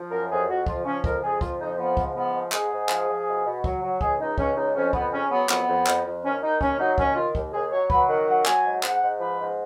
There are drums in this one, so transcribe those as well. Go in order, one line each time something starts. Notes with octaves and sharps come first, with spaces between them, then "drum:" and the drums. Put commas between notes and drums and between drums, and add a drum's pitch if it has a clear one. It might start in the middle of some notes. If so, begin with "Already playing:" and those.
Already playing: F3
F#2 A#4
F2 G#4
F2 F#4
F3 F4, drum: kick
F3 C#4
F2 A#4, drum: kick
F2 G#4
F3 F4, drum: kick
F2 D#4
F3 B3
G#2, drum: kick
F3 B3
G#2
G#2 G#4, drum: clap
G#2
F3, drum: clap
F3
B2
B2
F#3, drum: kick
F#3
C#2 G#4, drum: kick
C#2 D#4
C#2 C#4, drum: kick
C#2 D#4
F2 C#4
F2 B3, drum: kick
C#3 C#4
F#3 B3
F2 B3, drum: clap
F2
F2, drum: clap
F2
D#2 C#4
D#3 D#4
D#2 C#4, drum: kick
F#3 D#4
D#2 C#4, drum: kick
D#3 F4
D#2, drum: kick
D#2 G#4
F#3 C#5
F#3 B4, drum: kick
D#3 F#5
F#3 F#5
F#3 G#5, drum: clap
G#2
G#2 F#5, drum: clap
G#2
F3 B4
G#2